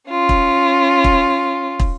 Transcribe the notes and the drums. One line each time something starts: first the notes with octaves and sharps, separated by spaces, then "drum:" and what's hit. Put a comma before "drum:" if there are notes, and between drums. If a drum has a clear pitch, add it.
C#4 F4
drum: kick
drum: kick
drum: kick